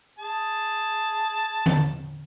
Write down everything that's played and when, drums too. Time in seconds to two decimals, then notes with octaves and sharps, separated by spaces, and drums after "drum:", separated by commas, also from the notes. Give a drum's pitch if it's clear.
0.19 G#4 A5
1.66 drum: tom D3